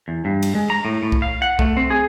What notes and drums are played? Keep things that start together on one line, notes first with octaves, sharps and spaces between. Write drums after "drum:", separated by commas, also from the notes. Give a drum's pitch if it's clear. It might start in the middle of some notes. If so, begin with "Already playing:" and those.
E2
G2
drum: cymbal
G#3
A#5
A2
A2
drum: kick B1
F5
F#5
A3, drum: kick B1
C4
G#4